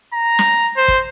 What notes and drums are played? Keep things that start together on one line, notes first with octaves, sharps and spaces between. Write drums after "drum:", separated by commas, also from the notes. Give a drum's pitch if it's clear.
A#5
drum: snare
C5
drum: kick